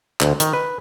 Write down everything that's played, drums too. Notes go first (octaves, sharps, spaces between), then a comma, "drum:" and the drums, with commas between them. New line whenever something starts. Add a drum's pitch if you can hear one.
D2, drum: clap
D#3, drum: hi-hat
B4